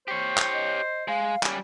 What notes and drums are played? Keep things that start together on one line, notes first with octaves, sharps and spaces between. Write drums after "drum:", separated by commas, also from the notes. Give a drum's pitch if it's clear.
G4 C5 C#5
drum: clap
D#5
G#3 F5
G3 C#4, drum: clap